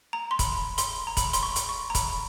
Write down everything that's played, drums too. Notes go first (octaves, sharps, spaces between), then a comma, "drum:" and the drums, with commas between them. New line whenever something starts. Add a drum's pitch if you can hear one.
A#5
C6
B5, drum: kick, hi-hat
C6, drum: hi-hat
A#5
B5, drum: kick, hi-hat
C6, drum: hi-hat
C#6
drum: hi-hat
C#6
A#5
B5, drum: kick, hi-hat